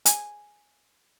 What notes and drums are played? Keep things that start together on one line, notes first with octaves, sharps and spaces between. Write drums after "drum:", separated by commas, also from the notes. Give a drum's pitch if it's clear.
G#5, drum: hi-hat